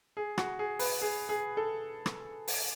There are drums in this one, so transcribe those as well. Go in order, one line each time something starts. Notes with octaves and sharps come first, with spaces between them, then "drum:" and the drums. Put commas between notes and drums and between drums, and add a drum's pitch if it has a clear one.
G#4
F#4, drum: rim click
G#4
B4, drum: open hi-hat
G#4
G#4
A4
drum: rim click
drum: open hi-hat